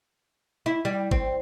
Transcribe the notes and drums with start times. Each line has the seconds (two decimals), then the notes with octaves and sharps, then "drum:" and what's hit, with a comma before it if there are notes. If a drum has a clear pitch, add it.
0.66 E4
0.85 G3
1.11 C4, drum: kick G#1